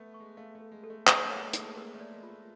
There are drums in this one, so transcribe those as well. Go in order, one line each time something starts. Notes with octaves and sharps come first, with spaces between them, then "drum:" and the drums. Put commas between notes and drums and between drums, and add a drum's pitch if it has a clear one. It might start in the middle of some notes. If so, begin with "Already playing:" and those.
Already playing: A3 B3
C#6
G#3
A3 F5
A3
A4
G#3
A4
A3
G#3 A#3 C#5, drum: clap
A3 B3
G#3 C#5
A3
A5, drum: hi-hat
G#3 A#3
G#3 A#3 A#4
A3
D5
G#3
F4
A3